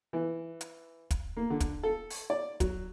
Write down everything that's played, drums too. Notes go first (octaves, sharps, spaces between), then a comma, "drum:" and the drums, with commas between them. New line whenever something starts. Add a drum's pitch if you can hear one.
E3
drum: hi-hat
drum: kick, hi-hat
A#3
D3
drum: kick, hi-hat
A4
drum: open hi-hat
D5
F#3, drum: kick, hi-hat